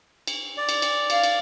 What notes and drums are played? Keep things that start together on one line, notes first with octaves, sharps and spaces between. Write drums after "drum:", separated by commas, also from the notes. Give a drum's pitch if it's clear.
drum: cymbal
D5
drum: cymbal
drum: cymbal
F5, drum: cymbal
drum: cymbal